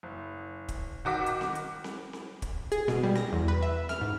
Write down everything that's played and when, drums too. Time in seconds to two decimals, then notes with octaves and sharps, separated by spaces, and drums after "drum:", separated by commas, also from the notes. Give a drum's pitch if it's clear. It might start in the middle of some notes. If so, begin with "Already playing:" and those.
0.03 F#1
0.68 drum: kick, hi-hat
1.05 D#3 F#4 D6 B6
1.26 drum: hi-hat
1.41 drum: snare C4
1.55 drum: hi-hat
1.84 drum: snare C4
2.13 drum: snare C4
2.42 drum: kick, hi-hat
2.72 G#4, drum: hi-hat
2.88 B2, drum: snare C4
3.03 G3
3.15 A#6, drum: snare C4
3.33 E2
3.48 B4
3.62 E5
3.89 F6, drum: snare C4
4.01 G#2